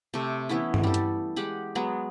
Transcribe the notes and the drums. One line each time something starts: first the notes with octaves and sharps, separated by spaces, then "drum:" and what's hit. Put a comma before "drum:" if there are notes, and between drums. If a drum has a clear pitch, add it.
C3 A3
E3 B3 C#4 E4
drum: tom
G3 A4
drum: hi-hat
G#3 G4 F#5
F#3 G#3 B3